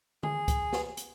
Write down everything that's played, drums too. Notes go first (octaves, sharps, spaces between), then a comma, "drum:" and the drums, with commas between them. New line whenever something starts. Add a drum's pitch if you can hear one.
G#4, drum: tom D3
drum: kick C#2, hi-hat
drum: snare B4
drum: hi-hat